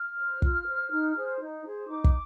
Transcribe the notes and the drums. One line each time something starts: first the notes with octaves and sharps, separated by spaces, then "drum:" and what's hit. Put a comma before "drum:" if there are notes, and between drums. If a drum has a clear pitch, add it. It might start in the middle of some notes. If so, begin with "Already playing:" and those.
Already playing: F6
C5
F4, drum: kick
C5
D#4
G#4 C5
D#4
G#4 C5
D#4 D6
drum: kick